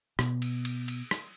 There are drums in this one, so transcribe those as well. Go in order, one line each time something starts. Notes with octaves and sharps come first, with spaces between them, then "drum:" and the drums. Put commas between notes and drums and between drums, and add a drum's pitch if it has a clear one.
B2, drum: rim click
drum: cymbal
drum: cymbal
drum: cymbal
drum: rim click